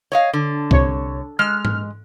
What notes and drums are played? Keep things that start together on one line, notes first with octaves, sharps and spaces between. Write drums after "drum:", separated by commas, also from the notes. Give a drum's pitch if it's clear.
C#5 D#5 F5
D3
C2 C#5, drum: kick C2
G#3 F6
drum: tom G#2